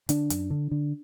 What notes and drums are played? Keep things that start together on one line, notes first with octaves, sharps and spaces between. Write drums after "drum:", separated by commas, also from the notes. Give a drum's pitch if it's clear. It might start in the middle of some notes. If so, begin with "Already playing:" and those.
D3 D4, drum: hi-hat
F#2, drum: hi-hat
D3
D3